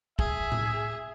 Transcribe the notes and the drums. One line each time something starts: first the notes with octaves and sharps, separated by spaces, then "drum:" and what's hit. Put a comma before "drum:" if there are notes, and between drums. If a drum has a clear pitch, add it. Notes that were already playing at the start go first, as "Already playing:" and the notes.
G#4 E5, drum: kick
drum: tom A2